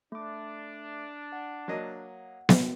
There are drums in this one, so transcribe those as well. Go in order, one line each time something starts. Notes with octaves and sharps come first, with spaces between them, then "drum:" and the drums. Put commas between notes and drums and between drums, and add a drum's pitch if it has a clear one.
A3 D4 D6
F#5
F#3 A#3 D#5
drum: snare B3